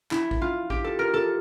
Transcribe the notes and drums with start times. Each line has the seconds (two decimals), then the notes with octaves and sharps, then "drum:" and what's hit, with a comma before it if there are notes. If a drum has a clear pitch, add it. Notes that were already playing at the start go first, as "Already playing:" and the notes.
0.11 E4, drum: clap
0.31 drum: kick A1
0.41 F4
0.70 G4, drum: kick A1
0.84 A4
0.99 A#4
1.14 A4